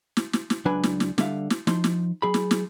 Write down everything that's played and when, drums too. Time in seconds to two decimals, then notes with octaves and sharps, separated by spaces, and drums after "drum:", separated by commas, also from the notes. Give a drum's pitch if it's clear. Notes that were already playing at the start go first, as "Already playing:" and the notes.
0.17 drum: snare
0.33 drum: snare
0.50 drum: snare
0.65 C#2 F#3 D4 B4 G#5 B5
0.83 drum: snare
1.00 drum: snare
1.18 D3 G3 E5 F5, drum: snare
1.50 drum: snare
1.67 F3 D#4 C6, drum: snare
1.84 drum: snare
2.22 F#3 G#4 B5
2.34 drum: snare
2.51 drum: snare